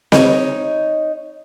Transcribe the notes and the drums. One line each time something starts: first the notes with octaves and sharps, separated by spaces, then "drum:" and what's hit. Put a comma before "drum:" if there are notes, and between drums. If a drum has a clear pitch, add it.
D#4 C#5, drum: snare C4